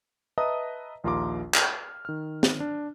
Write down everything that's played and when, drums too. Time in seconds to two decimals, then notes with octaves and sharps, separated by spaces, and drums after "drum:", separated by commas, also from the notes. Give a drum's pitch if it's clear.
0.38 B4 D#5 E5 A5 A#5 D#6
1.04 A#1 D#2 F4 A#5 C6 D6
1.55 F6, drum: clap
2.05 D#3 F6
2.43 drum: snare
2.60 D4